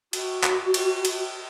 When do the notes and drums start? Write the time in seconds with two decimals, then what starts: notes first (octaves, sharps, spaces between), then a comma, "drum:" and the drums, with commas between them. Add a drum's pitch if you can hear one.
0.13 F#4, drum: cymbal
0.44 drum: clap
0.74 drum: cymbal
1.05 drum: cymbal